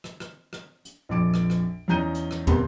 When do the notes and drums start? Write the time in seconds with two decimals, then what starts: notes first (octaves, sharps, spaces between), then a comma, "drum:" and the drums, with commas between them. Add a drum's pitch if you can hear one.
0.04 drum: rim click
0.20 drum: rim click
0.53 drum: rim click
0.85 drum: hi-hat
1.09 A#1 F2 D6 D7
1.34 drum: rim click
1.50 drum: rim click
1.88 E2 C#4 D#4 A#5 G6 D#7
2.15 drum: hi-hat
2.31 drum: rim click
2.47 D#1 C3 B3 A#4 C6, drum: tom